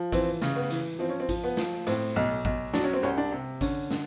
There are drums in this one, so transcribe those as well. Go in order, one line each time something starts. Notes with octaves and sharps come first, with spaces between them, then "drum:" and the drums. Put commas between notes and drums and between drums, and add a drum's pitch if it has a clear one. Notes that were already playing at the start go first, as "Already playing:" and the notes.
Already playing: F3
E3 C4, drum: kick A1, hi-hat
C#3, drum: snare
B3
E3, drum: hi-hat
F3 C4
C#4
C4
F3, drum: kick A1, hi-hat
B3
F3, drum: snare
A2 C4, drum: hi-hat
B1
B1, drum: kick A1
F#3 D4, drum: snare
C#4
C4
C2 C#4
D4
C3
D3 C#4, drum: kick A1, hi-hat
D3, drum: snare